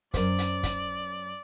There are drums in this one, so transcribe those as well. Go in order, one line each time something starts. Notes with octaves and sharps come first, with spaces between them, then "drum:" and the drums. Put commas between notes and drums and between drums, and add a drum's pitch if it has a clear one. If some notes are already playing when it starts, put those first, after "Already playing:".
F#2 A#4 C5 D5, drum: kick, hi-hat
drum: hi-hat
drum: kick, hi-hat